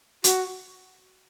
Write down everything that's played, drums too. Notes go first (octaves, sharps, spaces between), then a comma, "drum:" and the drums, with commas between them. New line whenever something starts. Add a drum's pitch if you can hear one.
F#4, drum: hi-hat